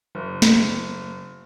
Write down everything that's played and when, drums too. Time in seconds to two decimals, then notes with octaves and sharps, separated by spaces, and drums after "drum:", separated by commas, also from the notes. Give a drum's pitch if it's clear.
0.15 F#1
0.42 drum: snare